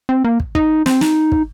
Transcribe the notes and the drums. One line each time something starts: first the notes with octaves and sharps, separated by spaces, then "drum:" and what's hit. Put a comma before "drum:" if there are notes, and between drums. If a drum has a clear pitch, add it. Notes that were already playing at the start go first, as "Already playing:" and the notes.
C4
A#3
drum: kick
D#4, drum: kick
C4, drum: snare
D#4, drum: snare
drum: kick